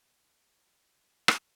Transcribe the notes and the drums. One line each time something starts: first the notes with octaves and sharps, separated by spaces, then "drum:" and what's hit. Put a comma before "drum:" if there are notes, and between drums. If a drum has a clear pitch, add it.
B3 C#4
drum: rim click